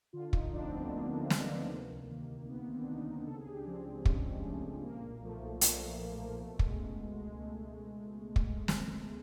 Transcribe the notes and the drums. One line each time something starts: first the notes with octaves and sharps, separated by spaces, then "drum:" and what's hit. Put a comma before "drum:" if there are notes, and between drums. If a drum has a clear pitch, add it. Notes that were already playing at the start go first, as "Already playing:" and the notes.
D3 F4
D2 D#4, drum: kick
F3 D4
C4
D2 B3
A3
D3 A#3
D2
F3 A#3, drum: snare
D2
C3
C2
D#3
C2
C3 B3
C2 C4
D4
D#3 D#4
C2
C#3 A4
G#4
C#2 G4
D4
F3 C4
C#2
C#3 G#3, drum: kick
C#2
F3 A3
C#2
A#2 A#3
B1
F3 A3
B1
A#2 A3, drum: hi-hat
B1
F3 A#3
B1
B2 A3
C#2 G#3, drum: kick
C#2 A3
B2 G#3
B2 G#3
C#2 A3
C#2
drum: kick
drum: snare